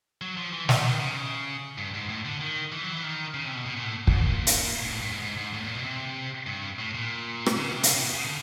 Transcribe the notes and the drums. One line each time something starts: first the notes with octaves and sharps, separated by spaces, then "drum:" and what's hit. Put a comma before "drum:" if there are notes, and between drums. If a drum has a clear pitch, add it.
F#3
F3
E3
F3, drum: snare
D#3
C#3
G2
G#2
A2
D3
D#3
E3
F#3
E3
D#3
C#3
C3
B2
B2
A#2
A2
G#2, drum: kick
A#2
drum: hi-hat
G#2
A2
G2
G#2
G#2
G#2
A2
A#2
B2
C3
G2
A2
A#2
drum: rim click
D3
C#3
C3
drum: hi-hat
C3
B2
C#3
D3